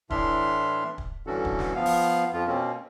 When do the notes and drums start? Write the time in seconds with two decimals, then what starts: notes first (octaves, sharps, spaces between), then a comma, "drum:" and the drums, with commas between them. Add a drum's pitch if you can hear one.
0.10 A2 E3 D4 E5 C6 F6, drum: kick
0.98 drum: kick
1.27 G2 D3 E3 C#4 F#4 A4
1.45 drum: kick
1.59 drum: snare
1.75 F3 B3 F5
1.86 drum: open hi-hat
2.33 F2 F4
2.47 B2 A#3 C4 C#4